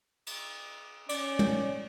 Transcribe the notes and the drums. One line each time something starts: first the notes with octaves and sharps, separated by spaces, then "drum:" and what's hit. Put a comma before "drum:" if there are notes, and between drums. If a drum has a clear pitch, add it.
drum: cymbal
C#4 D5, drum: cymbal
drum: tom